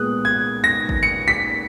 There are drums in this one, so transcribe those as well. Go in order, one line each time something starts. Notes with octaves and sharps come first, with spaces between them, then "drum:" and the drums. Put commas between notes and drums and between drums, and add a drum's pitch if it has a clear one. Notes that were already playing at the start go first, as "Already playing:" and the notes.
Already playing: A#2 G#3 B3 D#6 F#6
G#6
A#6
drum: kick
C#7
B6